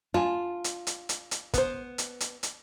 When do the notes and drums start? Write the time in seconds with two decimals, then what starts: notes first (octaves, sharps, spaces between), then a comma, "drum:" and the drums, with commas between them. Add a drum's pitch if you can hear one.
0.14 F4 G#5 A5
0.64 drum: hi-hat
0.87 drum: hi-hat
1.09 drum: hi-hat
1.31 drum: hi-hat
1.54 B3 C5, drum: kick, hi-hat
1.98 drum: hi-hat
2.20 drum: hi-hat
2.43 drum: hi-hat